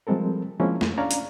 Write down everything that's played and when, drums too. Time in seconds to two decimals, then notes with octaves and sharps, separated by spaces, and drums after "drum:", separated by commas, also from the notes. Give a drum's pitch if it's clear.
0.07 F3 G3 G#3 C4 A4 A#4
0.59 F3 G#3 A#3 C4 C#4 E4
0.81 F2 G#3, drum: snare
0.98 C#4 D4 C#5 D5 F5 A#5
1.11 drum: hi-hat